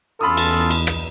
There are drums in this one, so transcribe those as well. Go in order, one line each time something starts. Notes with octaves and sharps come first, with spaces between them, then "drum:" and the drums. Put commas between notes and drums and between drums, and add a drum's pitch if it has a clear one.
E2 C#4 F4 A4 B5 D#6
drum: cymbal
drum: cymbal
drum: rim click